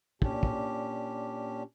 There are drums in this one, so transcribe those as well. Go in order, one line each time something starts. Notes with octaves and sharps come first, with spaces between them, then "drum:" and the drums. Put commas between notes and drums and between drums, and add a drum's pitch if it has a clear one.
A#2 C#4 D4 G4, drum: kick
drum: kick